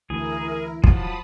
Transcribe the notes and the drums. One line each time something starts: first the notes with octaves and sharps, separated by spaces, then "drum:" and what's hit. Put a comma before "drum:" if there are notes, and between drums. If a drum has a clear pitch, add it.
D2 E3 E4 G#4 A#4
F3 F#3 A5 B5 D#6, drum: kick